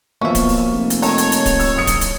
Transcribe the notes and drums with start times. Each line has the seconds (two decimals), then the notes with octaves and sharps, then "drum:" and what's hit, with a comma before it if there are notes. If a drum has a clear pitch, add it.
0.21 B2 F3 A#3 C#4 E5
0.35 drum: kick D1, hi-hat
0.49 drum: open hi-hat
0.73 F1
0.90 drum: hi-hat
1.02 D#3 A4 C#5, drum: open hi-hat
1.18 drum: hi-hat
1.32 drum: hi-hat
1.46 drum: kick D1, hi-hat
1.60 E6, drum: open hi-hat
1.75 F#1 D#6 C#7
1.87 drum: kick D1, hi-hat
2.01 drum: hi-hat